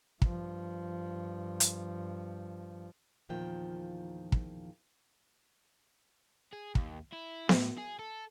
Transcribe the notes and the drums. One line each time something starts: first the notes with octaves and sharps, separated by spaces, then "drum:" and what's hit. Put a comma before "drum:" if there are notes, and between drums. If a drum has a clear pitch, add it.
G2 F3, drum: kick
drum: hi-hat
E2 A#2 D#3 F3 G5
drum: kick
G#4
D#2, drum: kick
E4
A2, drum: snare B3
G#4
A4